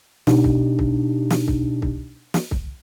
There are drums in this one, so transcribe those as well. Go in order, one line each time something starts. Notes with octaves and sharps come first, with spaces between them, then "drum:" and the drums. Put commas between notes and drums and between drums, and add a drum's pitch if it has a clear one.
B2 D4 D#4 G4, drum: snare
drum: kick C2
drum: kick C2
drum: snare
drum: kick C2
drum: kick C2
drum: snare
drum: kick C2